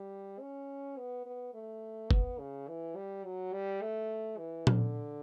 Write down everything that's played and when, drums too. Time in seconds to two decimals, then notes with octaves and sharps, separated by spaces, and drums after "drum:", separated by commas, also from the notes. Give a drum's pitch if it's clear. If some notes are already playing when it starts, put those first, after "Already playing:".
Already playing: G3
0.40 C#4
0.97 B3
1.26 B3
1.54 A3
2.11 B3, drum: kick
2.39 C#3
2.68 E3
2.96 G3
3.24 F#3
3.53 G3
3.82 A3
4.38 E3
4.67 D3, drum: tom A#2